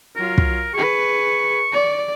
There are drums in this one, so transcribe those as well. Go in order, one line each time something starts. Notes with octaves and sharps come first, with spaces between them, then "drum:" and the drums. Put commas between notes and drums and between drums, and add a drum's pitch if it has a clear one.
F#3 F4 A#4
drum: kick
G#4 B4 C#6
D5